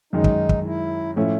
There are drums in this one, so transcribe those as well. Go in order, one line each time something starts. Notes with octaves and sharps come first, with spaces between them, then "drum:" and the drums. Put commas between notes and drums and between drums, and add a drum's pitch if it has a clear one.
F#2 D#3 G#3 D#4
drum: kick
drum: kick
E4
A2 F3 A3 C#4 E4